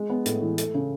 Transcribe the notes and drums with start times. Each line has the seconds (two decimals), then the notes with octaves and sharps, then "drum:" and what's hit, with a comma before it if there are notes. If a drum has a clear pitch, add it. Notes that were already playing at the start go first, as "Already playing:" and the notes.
Already playing: G#3
0.10 B3
0.26 A2, drum: hi-hat
0.42 E3
0.58 A3, drum: hi-hat
0.74 C#3